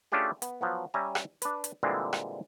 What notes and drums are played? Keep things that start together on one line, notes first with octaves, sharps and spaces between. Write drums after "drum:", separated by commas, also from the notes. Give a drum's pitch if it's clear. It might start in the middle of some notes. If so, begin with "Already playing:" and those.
A3 C#4 D4 F4 G4 G#4
B3, drum: hi-hat
F3 F#3 B3
G3 C#4 E5 G#5 A#5
drum: rim click
D4 B4, drum: hi-hat
drum: hi-hat
A#2 D3 E3 G3 G#3 C4
drum: rim click